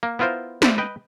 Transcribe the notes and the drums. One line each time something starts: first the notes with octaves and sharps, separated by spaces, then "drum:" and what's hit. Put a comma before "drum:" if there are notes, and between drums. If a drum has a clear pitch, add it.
A#3
B3 E4 F4 A#4 C5
B4 C5 D5 E5, drum: snare
B4 D#5 G5